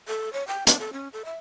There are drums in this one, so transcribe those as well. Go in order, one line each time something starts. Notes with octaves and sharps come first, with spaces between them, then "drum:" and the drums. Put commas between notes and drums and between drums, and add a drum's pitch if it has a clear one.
A4
C#5
G5
D4, drum: hi-hat
A4
C#4
A4
E5